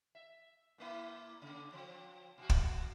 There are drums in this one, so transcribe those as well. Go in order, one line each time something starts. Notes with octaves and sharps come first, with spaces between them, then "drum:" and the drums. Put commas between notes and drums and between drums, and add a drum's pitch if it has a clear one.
E5
A#2 A#3 E4
C#3
F3 C4
B2 F#4
drum: kick